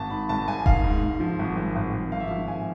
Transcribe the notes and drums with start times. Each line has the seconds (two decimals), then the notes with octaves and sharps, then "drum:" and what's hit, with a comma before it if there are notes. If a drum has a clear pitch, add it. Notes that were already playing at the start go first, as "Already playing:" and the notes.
Already playing: G#1 A5
0.10 G#2 B5
0.29 G#1 A5
0.48 G#1 G#5
0.66 G#2 F5, drum: kick E1
0.84 G#2
1.03 G#2
1.20 F3
1.39 G#1
1.57 G#1
1.76 G#1
1.93 G#1
2.12 G#1 F5
2.20 E5
2.27 F3 F5
2.48 G#1 G#5